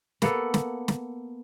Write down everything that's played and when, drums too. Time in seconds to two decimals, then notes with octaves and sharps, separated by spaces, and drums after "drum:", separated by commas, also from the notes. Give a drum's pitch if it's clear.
0.22 A#3 B3 A4, drum: snare
0.54 drum: snare
0.88 drum: snare